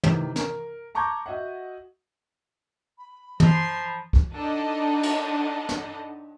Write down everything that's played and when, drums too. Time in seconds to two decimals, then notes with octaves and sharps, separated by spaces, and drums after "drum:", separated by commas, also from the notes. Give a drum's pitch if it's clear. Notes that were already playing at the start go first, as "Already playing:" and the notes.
0.04 C3 D#3 E3, drum: tom
0.36 A#4, drum: snare
0.95 A5 A#5 C#6 D6 G6 G#6
1.26 F#4 D#5 E5 F#5
2.98 B5
3.40 F3 A#5 C6, drum: tom
4.13 drum: kick C#2
4.34 D4 D#4 A4 D#5 F#5 B5
5.03 drum: cymbal
5.69 drum: snare